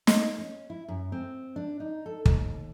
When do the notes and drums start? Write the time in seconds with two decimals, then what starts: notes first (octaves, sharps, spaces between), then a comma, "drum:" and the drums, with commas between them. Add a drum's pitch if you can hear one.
0.07 D#5, drum: snare
0.38 C#4
0.70 E4
0.88 F#2
1.12 C4
1.56 D4
1.80 D#4
2.06 A4
2.26 D#2, drum: kick